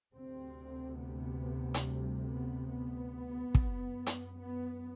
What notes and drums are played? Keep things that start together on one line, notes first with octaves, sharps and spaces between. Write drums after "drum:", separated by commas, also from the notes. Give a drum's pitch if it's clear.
D2 C3 C4
B3
drum: hi-hat
G3
B3
B3
F#2, drum: kick
drum: hi-hat
B3